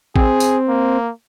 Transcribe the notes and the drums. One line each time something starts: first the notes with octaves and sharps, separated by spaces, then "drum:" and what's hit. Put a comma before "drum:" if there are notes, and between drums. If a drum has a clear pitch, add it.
C4 G#4, drum: kick A1
drum: tambourine
A#3